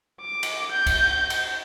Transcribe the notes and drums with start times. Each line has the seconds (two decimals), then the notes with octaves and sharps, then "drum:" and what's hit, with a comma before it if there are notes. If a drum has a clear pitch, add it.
0.21 D6
0.43 drum: cymbal
0.71 G6
0.86 drum: kick, cymbal
1.30 drum: cymbal